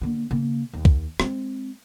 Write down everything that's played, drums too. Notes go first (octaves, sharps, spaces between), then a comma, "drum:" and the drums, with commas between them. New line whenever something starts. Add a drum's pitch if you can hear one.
D3 A#3
C#3 A#3
D#2
drum: kick C2
G#3 C4, drum: rim click